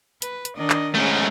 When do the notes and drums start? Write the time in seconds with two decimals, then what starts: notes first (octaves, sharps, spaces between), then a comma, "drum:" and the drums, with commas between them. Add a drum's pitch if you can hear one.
0.22 B4, drum: hi-hat
0.45 drum: hi-hat
0.57 D#3 D4 D#5
0.70 drum: clap
0.95 G#2 A3 C#4 G#4